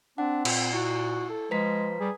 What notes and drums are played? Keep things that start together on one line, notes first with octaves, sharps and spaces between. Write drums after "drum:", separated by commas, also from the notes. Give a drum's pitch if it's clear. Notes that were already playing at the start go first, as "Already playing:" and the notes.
C4 D4 F#5
A#2, drum: cymbal
E4 F#4
A4
F3 G#3 B4 A#5 B6
G3 G#4